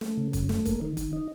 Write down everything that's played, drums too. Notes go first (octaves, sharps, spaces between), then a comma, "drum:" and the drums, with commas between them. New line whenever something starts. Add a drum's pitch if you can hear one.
A3, drum: snare
C#3
F#2, drum: kick, hi-hat
A3, drum: snare
A#3, drum: kick, hi-hat
D#3
D#3, drum: kick, hi-hat
D#4